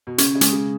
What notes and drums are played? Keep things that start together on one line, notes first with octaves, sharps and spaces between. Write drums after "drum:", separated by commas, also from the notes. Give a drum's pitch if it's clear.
B2
C#3 C#4, drum: hi-hat
C#3
G#3, drum: hi-hat
C#3